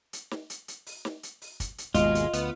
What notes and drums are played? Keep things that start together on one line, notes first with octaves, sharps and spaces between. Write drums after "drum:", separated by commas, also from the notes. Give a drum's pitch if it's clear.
drum: hi-hat
drum: snare
drum: hi-hat
drum: hi-hat
drum: open hi-hat
drum: snare
drum: hi-hat
drum: open hi-hat
drum: kick, hi-hat
drum: hi-hat
G#1 D#2 B2 G#3 F4 D#5, drum: kick, hi-hat
drum: hi-hat
D2 B3, drum: hi-hat